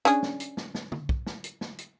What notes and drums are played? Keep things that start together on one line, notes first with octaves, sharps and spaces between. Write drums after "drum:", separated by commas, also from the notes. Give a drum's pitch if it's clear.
C#4 D4 G#4, drum: hi-hat
drum: snare
drum: hi-hat
drum: snare
drum: snare
drum: tom
drum: kick
drum: snare
drum: hi-hat
drum: snare
drum: hi-hat